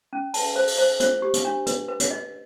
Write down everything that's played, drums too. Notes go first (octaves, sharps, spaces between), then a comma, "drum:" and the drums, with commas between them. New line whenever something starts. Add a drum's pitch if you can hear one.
C#4
A5, drum: open hi-hat
C5
drum: open hi-hat
C5
C5, drum: hi-hat
G4
drum: hi-hat
D4
B4, drum: hi-hat
B4
drum: hi-hat
D#5